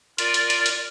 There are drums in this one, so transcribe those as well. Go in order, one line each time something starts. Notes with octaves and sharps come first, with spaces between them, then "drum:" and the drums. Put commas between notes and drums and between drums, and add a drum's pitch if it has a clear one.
F4 A#4 D5, drum: hi-hat
drum: hi-hat
drum: hi-hat
drum: hi-hat